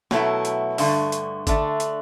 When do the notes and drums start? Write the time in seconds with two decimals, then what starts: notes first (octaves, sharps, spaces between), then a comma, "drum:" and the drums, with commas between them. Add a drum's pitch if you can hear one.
0.11 B2 F#3 A3 E4, drum: snare
0.45 drum: hi-hat
0.78 G2 D3 A3, drum: open hi-hat
1.12 drum: hi-hat
1.47 D3 A3 D4, drum: kick G#1, hi-hat
1.80 drum: hi-hat